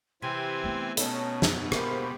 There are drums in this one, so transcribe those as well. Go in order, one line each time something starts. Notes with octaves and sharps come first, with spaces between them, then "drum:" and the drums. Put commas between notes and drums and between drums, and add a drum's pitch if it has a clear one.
C3 E3 C4 G5 G#5 C6
A3 B3
B2 C#4 D#4 A4 A5, drum: hi-hat
F#2, drum: snare
G#3 A#3 G4 G#4 C5 B5, drum: rim click